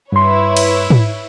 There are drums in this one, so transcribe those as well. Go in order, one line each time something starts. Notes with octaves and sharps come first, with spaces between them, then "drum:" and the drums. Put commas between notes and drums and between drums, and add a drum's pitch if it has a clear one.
G2 E4 B4 C#5 C6
drum: cymbal
drum: tom